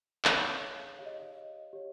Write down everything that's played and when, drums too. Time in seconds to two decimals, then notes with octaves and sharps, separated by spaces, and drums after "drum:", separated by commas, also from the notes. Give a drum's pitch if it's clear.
0.25 D#4 G#4 C#5 F5, drum: clap
0.99 G4 C#5 F5
1.06 D#5
1.20 D#5
1.73 G4 C#5